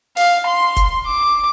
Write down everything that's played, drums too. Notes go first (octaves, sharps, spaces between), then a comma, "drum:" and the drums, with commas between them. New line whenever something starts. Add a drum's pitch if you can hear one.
F5, drum: open hi-hat
C6
drum: kick F1, hi-hat
D6